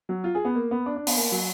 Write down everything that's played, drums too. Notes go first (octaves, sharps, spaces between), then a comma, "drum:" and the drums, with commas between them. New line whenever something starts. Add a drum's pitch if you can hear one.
F#3
F4
G#4
B3
A#3
B3
D4
D4
B3, drum: open hi-hat
A#3
F#3